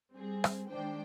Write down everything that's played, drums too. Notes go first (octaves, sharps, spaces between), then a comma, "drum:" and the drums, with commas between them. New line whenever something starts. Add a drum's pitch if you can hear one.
G3 C4 G#4
drum: rim click
D#3 G#3 D4 C5 G5